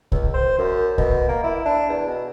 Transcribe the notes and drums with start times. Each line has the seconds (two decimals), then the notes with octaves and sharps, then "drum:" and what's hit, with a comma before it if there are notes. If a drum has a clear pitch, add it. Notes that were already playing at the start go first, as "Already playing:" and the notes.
0.12 C#2, drum: kick B1
0.34 C5
0.58 F#2
0.98 B2, drum: kick B1
1.29 A#3
1.44 E4
1.65 D4
1.89 E2
2.07 B2